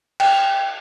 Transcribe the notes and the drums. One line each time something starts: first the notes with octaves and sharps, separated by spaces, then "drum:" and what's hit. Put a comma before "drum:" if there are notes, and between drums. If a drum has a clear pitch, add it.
G5, drum: cymbal